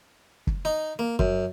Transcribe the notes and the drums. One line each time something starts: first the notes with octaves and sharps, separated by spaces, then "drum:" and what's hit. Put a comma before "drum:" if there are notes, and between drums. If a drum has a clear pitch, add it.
drum: kick
D#4
A#3
F#2, drum: kick